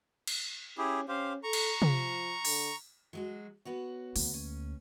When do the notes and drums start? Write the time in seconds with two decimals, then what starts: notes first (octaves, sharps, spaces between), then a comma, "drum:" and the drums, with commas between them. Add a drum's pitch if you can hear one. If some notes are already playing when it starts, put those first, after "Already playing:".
0.27 drum: cymbal
0.78 C#4 E4 G4 G#4
1.08 C#4 G4 C5 F5
1.43 A4 A#5 C#6
1.53 drum: cymbal
1.82 F3, drum: tom C3
2.45 D3, drum: open hi-hat
3.13 F#3 G#3 F#4
3.65 B3 F#4 C#5
4.16 D2 A#3, drum: open hi-hat
4.34 C#4